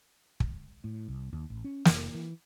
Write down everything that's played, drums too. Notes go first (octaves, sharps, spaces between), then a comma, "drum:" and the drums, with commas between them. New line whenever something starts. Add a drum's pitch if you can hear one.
drum: kick
A2
C2
D#2
A1
C#4
F1, drum: snare
E3